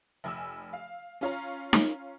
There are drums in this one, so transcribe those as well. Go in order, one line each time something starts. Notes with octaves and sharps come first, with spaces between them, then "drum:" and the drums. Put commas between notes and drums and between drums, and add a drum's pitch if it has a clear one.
F1 G#5 E6
F5
C#4 F4 C#5 A#5
drum: snare D#4